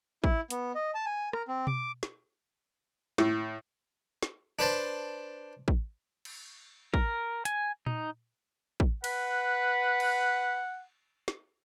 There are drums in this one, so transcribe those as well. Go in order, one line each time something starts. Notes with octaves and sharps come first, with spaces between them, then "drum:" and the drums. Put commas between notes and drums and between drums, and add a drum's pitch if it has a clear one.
E4, drum: kick
B3, drum: hi-hat
D#5
A5
G#5
A#4, drum: rim click
C4
D6, drum: tom B2
drum: snare
A2, drum: snare
drum: snare
D4 B4 C5 A5
drum: kick
drum: cymbal
A#4, drum: kick
G#5, drum: hi-hat
D#4, drum: tom A#2
drum: kick
B4 F#5, drum: cymbal
drum: cymbal
drum: snare